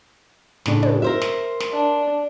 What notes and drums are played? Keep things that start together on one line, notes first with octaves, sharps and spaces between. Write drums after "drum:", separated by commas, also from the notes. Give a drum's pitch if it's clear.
A2 C#3 D4, drum: snare
drum: tom
A#4 C5 E5
drum: snare
drum: snare
D4